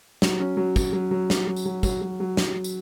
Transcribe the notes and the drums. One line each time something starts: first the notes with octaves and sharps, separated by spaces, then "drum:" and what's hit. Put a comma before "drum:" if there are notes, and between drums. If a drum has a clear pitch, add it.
F#3, drum: snare
C#4
F#3
F#3, drum: kick, tambourine
F#3
F#3
F#3, drum: snare
F#3
drum: tambourine
F#3
F#3, drum: kick, tambourine
F#3
F#3
drum: snare
drum: tambourine